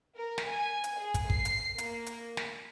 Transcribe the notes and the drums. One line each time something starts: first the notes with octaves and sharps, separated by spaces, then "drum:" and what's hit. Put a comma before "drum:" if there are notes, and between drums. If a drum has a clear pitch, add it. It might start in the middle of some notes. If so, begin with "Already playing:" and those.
A#4
drum: snare
G#5
drum: hi-hat
G#4
drum: kick, hi-hat
C7, drum: kick
drum: hi-hat
A#3, drum: hi-hat
drum: hi-hat
drum: snare